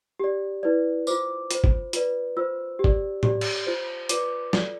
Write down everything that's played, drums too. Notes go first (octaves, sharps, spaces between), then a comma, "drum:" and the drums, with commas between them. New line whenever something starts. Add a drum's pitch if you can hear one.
G4 D5
E4 B4 D5
F4 C5 D6, drum: tambourine
F4 C5, drum: hi-hat
drum: kick F#1
F4 B4 D5, drum: hi-hat
F4 C5 E6
G4
D5, drum: kick F#1
G4 D5, drum: tom A2
drum: cymbal
F4 C5
F4 B4 D5 D6, drum: hi-hat
F4 A4 D5, drum: snare